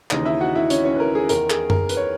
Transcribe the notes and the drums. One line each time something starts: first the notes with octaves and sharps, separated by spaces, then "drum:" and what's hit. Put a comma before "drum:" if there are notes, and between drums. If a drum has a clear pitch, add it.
D#2 C#3 E3 D#4 D#5, drum: clap
E4 E5
F#4 F#5
E4 E5
C#4 C#5, drum: hi-hat
C#4 C#5
B4
A#4
G#4
E2 D#3 A#4, drum: hi-hat
G#4, drum: clap
A#4, drum: tom F#2
B4, drum: hi-hat
C#5